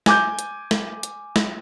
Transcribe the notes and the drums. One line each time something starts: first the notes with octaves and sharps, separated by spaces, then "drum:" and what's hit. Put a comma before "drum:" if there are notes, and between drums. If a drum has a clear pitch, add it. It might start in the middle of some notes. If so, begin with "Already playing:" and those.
G#5 D6 G6, drum: snare
drum: hi-hat
drum: snare
drum: hi-hat
drum: snare